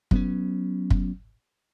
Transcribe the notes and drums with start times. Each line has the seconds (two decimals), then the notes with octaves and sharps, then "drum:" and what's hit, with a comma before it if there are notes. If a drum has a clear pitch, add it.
0.11 F#3 B3 C#4, drum: kick
0.90 drum: kick